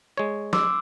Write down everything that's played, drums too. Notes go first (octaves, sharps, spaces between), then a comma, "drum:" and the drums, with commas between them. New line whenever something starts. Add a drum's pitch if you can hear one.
G#3 C#5
C6 D6 E6, drum: snare